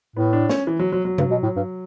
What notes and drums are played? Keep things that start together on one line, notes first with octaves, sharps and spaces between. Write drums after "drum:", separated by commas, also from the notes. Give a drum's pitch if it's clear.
A2 B3
D4
C#4, drum: snare
E3
F#3
F#3
F#3
G2, drum: tom C3
B2
A2
G2